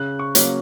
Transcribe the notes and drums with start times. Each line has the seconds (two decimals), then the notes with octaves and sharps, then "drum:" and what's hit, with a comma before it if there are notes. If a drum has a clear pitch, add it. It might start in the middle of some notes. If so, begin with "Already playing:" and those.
Already playing: C#3 F#6
0.19 C#6
0.35 F#3 A#3 C#4, drum: hi-hat